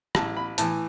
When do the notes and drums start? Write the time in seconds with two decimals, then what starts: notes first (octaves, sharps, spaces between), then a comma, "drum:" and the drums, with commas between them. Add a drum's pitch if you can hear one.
0.15 A1 A5, drum: rim click
0.37 B5
0.58 A2 E3 A5, drum: hi-hat